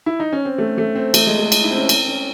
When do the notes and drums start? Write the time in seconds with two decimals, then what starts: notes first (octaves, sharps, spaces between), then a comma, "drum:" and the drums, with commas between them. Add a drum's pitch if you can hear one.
0.06 E4
0.20 D#4
0.33 C#4
0.45 C4
0.58 A3
0.78 A3
0.96 C4
1.14 A3, drum: cymbal
1.27 G#3
1.39 A3
1.52 drum: cymbal
1.64 E4
1.71 C4
1.77 C#4
1.89 C4, drum: cymbal
2.08 C#4